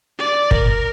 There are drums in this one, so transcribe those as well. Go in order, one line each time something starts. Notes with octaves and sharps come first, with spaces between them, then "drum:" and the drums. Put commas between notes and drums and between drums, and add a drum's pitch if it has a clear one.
D5
A#4, drum: kick